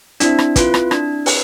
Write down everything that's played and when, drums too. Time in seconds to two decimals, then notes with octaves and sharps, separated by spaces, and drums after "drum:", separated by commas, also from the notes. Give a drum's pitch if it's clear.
0.20 C4 D4 E4, drum: hi-hat
0.39 drum: rim click
0.56 F4 B4, drum: kick, hi-hat
0.74 drum: rim click
0.91 D4, drum: rim click
1.26 B4, drum: open hi-hat